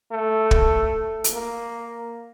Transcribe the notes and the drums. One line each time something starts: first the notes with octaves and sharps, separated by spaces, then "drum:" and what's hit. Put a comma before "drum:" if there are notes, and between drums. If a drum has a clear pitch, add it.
A3
drum: kick
drum: hi-hat
A#3